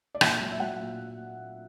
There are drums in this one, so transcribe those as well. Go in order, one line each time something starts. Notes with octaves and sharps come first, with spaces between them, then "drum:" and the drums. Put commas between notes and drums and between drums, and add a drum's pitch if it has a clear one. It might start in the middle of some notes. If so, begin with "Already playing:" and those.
D5
A#2 E5, drum: rim click
F#3
E5
F#3 F#5
A#2